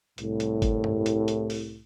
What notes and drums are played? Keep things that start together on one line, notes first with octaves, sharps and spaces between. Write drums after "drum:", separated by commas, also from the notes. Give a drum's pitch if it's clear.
C2 A2, drum: hi-hat
drum: hi-hat
drum: kick G1, hi-hat
drum: tom G2
drum: hi-hat
drum: hi-hat
drum: open hi-hat